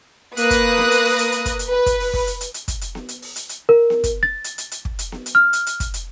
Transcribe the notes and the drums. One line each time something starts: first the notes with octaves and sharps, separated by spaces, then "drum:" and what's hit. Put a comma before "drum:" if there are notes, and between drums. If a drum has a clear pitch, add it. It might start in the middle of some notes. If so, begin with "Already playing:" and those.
A#3 B4 D#6 F#6 A#6, drum: hi-hat
drum: kick, hi-hat
drum: snare B3
drum: hi-hat
drum: open hi-hat
drum: hi-hat
drum: hi-hat
drum: kick, hi-hat
drum: hi-hat
B4
drum: kick, hi-hat
drum: open hi-hat
drum: kick, open hi-hat
drum: hi-hat
drum: hi-hat
drum: hi-hat
drum: kick, hi-hat
drum: hi-hat
drum: snare B3
drum: hi-hat
drum: open hi-hat
drum: hi-hat
drum: hi-hat
A#4
drum: snare B3
drum: kick, hi-hat
A6
drum: hi-hat
drum: hi-hat
drum: hi-hat
drum: kick
drum: hi-hat
drum: snare B3
drum: hi-hat
F6
drum: hi-hat
drum: hi-hat
drum: kick, hi-hat
drum: hi-hat